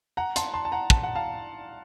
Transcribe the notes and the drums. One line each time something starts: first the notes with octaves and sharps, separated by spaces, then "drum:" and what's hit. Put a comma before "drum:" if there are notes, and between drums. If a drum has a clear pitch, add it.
F#5 A#5
A5 C6, drum: hi-hat
A5 C6
A5
F#5 A#5
A5, drum: kick
F#5
F5 A5